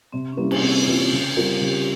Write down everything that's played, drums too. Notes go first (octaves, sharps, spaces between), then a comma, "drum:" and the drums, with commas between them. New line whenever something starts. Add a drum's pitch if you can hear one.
C3 C4
C#4
E3 G3 A#3 C4
drum: cymbal
C3 C4
E3 G3 A#3 F4
C#3
G3 C4 F4 A#4
C#3 G4